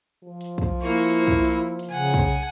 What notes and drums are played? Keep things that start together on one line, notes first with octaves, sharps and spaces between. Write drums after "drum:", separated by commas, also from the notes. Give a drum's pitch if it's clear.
F3
drum: hi-hat
drum: kick
A#3 E4 C#6
drum: hi-hat
drum: kick
drum: hi-hat
drum: hi-hat
C#3 F#5 G#5
drum: kick, hi-hat